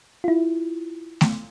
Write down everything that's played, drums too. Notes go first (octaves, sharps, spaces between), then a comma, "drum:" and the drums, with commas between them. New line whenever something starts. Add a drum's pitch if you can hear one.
E4 F4
drum: snare A3